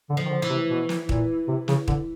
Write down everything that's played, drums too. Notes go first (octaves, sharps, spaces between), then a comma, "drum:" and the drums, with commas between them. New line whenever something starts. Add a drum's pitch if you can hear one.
D3
F3
D#3
D3
E3
C3
B2
drum: snare
A#2, drum: kick
C3
C#3, drum: snare
D3, drum: kick